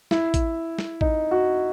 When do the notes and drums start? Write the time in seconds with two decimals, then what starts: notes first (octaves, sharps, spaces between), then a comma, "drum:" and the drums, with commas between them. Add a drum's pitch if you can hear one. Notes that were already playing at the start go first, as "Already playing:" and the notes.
0.11 E4, drum: snare
0.34 drum: kick A1, hi-hat
0.79 drum: snare
1.01 D#4, drum: kick A1
1.31 F#4